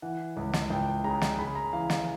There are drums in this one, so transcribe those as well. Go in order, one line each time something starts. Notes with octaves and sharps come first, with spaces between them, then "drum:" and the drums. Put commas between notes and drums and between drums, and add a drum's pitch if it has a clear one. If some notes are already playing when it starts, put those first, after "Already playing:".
E3 F#5
C#2
drum: snare
C#2 G5
C#3 A#5
drum: snare
C#3 B5
A#5
E3 F5
drum: snare